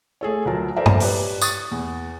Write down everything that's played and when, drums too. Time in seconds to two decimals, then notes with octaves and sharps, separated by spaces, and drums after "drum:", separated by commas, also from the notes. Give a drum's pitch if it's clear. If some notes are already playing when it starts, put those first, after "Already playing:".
0.21 A3 G#4 A4 C#5
0.45 D2 F3 F#3 F4 A#4 A5
0.76 A4 A#4 C5 D5 E5 A#5
0.86 drum: tom G2
1.00 G4 B4 C#5 D5, drum: open hi-hat
1.41 C#6 D#6 F#6 A6, drum: tambourine
1.71 E2